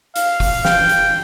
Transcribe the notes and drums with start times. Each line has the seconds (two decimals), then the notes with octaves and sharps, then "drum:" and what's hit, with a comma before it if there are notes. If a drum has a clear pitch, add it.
0.16 F5, drum: hi-hat
0.40 drum: kick, open hi-hat
0.65 G5, drum: snare
0.89 drum: hi-hat